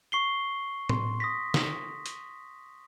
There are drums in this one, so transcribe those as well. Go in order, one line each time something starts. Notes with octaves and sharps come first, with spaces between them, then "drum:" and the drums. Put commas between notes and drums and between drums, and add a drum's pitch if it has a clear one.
C#6 C7 G7
C6, drum: tom A2
D#6 A#6 B6
drum: snare
drum: hi-hat